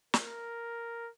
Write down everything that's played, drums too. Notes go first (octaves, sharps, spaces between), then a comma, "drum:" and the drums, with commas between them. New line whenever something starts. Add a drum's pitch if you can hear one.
A#4, drum: snare